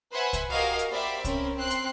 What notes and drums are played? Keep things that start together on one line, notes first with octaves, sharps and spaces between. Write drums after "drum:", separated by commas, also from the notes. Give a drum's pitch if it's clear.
B4 C5 E5 F#5 G#5 B5
drum: kick C2, hi-hat
F#4 G4 A#4 D#5 F5 G#5
drum: hi-hat
A#3 G4 C5 D5 E5 B5
C4 C#4 A#4 B5, drum: kick C2, hi-hat
C4 C6 F#6 C7
drum: hi-hat